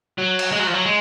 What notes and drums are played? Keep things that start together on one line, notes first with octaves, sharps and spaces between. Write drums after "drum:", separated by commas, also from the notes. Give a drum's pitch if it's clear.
F#3
drum: cymbal
G#3
F#3
F3
F#3
G#3